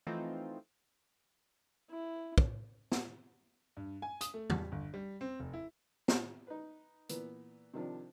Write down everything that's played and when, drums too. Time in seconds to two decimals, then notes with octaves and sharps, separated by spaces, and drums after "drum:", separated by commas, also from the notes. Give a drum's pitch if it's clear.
0.07 E3 F3 A3 C4 D#4 F4
1.90 E4
2.38 drum: kick
2.92 drum: snare
3.77 G2
4.02 G#5
4.21 D#6, drum: hi-hat
4.34 A3
4.50 G3, drum: tom E2
4.72 G1
4.94 G3
5.21 C4
5.40 F1
5.53 E4
6.08 drum: snare
6.47 D#4 B4
7.09 A#2 E3 B3, drum: hi-hat
7.74 C3 D#3 F3 D4